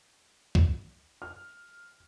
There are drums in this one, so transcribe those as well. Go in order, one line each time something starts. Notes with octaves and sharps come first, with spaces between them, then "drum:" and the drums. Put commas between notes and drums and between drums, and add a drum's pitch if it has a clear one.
drum: kick
F6